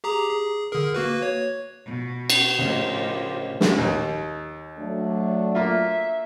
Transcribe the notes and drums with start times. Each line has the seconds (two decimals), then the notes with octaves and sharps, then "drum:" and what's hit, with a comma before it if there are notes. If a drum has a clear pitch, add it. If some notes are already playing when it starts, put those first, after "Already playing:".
0.04 G4 G#4 A#5
0.30 G#4
0.72 D3 G#4 A#4
0.94 A#3 F#4 B4
1.22 C#5
1.85 B2
2.30 drum: cymbal
2.59 A2 C#3 F3 A#3 C#4 G4 C5 D#5
3.61 drum: snare
3.78 D#2
4.78 F#3 A3 D4
5.55 A#3 F4 E5